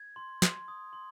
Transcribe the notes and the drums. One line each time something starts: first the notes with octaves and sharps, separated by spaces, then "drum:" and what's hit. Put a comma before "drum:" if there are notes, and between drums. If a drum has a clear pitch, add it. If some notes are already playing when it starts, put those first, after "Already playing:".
Already playing: G#6
C6
C6, drum: snare
D#6
C6